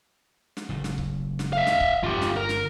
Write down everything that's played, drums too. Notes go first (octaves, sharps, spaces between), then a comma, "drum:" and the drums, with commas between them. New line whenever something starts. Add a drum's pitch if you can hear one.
drum: snare
F#1 A2
drum: snare
drum: kick C#1
drum: snare
E5 F5
drum: snare
drum: kick C#1
G1 G2 F4 G4
drum: snare
A#4
drum: snare